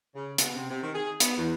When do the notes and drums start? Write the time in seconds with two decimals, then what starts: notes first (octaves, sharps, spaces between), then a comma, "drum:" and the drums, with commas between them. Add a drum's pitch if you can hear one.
0.15 C#3
0.38 B2, drum: hi-hat
0.55 C3
0.70 C3
0.82 D#3
0.94 G#4
1.20 B3, drum: hi-hat
1.38 E2